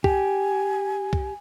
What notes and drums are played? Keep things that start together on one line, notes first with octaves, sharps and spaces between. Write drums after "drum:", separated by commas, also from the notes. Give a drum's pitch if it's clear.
G4 G#5, drum: kick
drum: kick